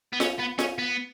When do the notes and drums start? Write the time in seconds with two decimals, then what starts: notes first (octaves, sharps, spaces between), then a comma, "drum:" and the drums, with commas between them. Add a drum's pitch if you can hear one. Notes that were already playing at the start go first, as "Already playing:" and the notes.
0.13 B3
0.20 C#4, drum: snare F4
0.39 B3
0.59 C#4, drum: snare F4
0.78 B3